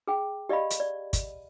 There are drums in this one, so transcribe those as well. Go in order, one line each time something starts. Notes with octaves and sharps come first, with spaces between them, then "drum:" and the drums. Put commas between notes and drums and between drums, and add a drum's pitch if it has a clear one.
G#4 G5
G4 D5 D#5 F5 B5
drum: hi-hat
D5
drum: kick, hi-hat